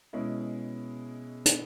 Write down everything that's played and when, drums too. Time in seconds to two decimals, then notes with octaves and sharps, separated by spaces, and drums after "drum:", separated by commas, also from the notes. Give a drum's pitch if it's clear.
0.13 B2 G#3 C#4 E4
1.46 drum: hi-hat